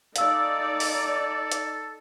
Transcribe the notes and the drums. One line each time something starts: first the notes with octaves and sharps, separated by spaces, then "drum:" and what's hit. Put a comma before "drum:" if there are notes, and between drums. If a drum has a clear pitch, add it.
D#4 A4 D5 F5 E6, drum: hi-hat
drum: open hi-hat
drum: hi-hat